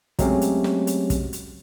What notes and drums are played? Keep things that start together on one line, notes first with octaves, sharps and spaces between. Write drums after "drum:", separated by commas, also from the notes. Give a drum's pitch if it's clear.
F#3 G#3 A3 C4 C#4 G4, drum: kick, hi-hat
drum: hi-hat
drum: snare
drum: hi-hat
drum: kick, hi-hat
drum: hi-hat